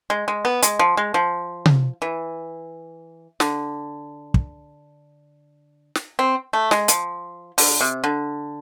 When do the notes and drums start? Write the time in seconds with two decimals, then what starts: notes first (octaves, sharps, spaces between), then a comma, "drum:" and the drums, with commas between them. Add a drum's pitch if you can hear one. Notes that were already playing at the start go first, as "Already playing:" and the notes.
0.10 G#3
0.28 G#3
0.45 B3
0.63 G#3, drum: hi-hat
0.79 F3
0.97 G#3
1.14 F3
1.66 drum: tom C3
2.02 E3
3.40 D3, drum: snare
4.34 drum: kick
5.95 drum: snare
6.19 C4
6.53 A3
6.71 G#3, drum: snare
6.88 F3, drum: hi-hat
7.58 D3, drum: open hi-hat
7.81 C3
8.04 D3